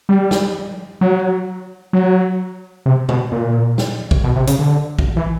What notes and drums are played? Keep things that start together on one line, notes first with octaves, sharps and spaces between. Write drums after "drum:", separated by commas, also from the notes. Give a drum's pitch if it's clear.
G3
drum: snare
F#3
F#3
C3
B2, drum: tom C#3
A#2
drum: snare
drum: kick
B2
C3
C#3, drum: hi-hat
D3
drum: kick
E3